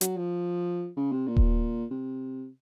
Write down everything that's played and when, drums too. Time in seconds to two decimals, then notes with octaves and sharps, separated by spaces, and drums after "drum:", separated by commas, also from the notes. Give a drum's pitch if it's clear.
0.01 F#3, drum: hi-hat
0.17 F3
0.97 C#3
1.12 C3
1.28 A#2
1.37 drum: kick D#1
1.91 C3